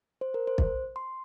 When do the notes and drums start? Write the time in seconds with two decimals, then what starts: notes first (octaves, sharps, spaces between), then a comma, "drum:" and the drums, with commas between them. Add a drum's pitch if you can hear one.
0.21 C5
0.34 A#4
0.47 C5
0.58 drum: kick
0.96 C6